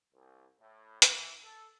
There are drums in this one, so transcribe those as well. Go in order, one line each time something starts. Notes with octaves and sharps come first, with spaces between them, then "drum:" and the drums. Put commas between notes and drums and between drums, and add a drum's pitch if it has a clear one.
C2
A2
E3, drum: hi-hat
A4